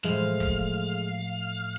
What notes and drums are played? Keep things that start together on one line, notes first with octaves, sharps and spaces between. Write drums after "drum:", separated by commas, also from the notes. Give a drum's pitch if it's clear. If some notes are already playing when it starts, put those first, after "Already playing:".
A2 F3 G#3 F5
drum: kick